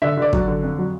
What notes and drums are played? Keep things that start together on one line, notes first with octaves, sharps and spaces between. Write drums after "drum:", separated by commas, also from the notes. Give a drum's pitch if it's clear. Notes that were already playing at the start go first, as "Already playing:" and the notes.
D3 E5
D3 D5
F#3, drum: kick
D3
F2
F#3